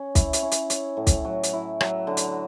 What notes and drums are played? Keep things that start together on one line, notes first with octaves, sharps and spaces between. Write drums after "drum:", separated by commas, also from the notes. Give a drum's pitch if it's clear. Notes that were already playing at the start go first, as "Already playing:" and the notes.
Already playing: C#4
E4, drum: kick, hi-hat
drum: hi-hat
C#4
drum: hi-hat
C#4, drum: hi-hat
A2
drum: kick, hi-hat
F#3
drum: hi-hat
E4
F#3, drum: rim click
D3
drum: hi-hat